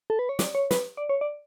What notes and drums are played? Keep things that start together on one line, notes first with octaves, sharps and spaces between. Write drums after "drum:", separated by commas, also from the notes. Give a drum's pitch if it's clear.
A4
B4
C#5
D5, drum: snare
C#5
B4, drum: snare
D5
C#5
D5